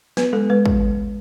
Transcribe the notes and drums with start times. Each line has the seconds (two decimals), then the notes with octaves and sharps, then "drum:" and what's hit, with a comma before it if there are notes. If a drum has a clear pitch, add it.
0.17 B3 B4, drum: snare
0.33 G#3 A4
0.50 G#3 B4
0.66 drum: kick